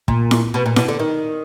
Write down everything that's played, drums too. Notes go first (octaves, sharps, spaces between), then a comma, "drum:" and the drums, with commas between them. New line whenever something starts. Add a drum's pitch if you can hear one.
A#2, drum: kick
drum: snare E4
B2
A#2
B2, drum: snare E4
D3
D#3